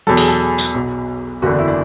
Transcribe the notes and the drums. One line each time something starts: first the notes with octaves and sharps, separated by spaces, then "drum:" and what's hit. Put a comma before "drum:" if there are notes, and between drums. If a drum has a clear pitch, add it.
E2 B2 F#3 A4
G#4, drum: open hi-hat
A4
drum: tambourine
B1 B2 F#3
F#1 E2 D3 F#4
D4
E4
D4